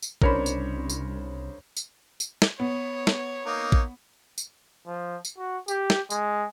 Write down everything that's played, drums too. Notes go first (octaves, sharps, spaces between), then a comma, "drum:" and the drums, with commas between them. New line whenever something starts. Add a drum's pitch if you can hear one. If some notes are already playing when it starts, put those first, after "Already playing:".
drum: tambourine
C2 C#3 D4 A#4 C5 C#5 B5, drum: kick A#1
drum: tambourine
drum: tambourine
drum: tambourine
drum: tambourine
drum: snare
B3 C#5
drum: snare
A#3 D#4
drum: kick A#1
drum: tambourine
F3
drum: tambourine
F#4
G4, drum: tambourine
drum: snare
G#3, drum: tambourine